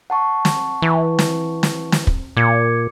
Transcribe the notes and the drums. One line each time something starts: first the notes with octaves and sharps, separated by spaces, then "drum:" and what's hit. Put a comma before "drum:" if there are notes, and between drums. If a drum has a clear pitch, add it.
F#5 A5 C#6
drum: snare
E3
drum: snare
drum: snare
drum: snare
drum: kick
A#2 D6 G#6 C#7